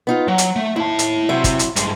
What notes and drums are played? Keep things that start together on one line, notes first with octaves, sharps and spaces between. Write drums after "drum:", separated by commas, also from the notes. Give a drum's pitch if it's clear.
B3 D#4 F4
F#3 F#5
drum: hi-hat
A3
D#2 E4 A5
drum: hi-hat
C3 F#3 E4 E5
drum: kick, hi-hat
drum: hi-hat
G2 G#3, drum: hi-hat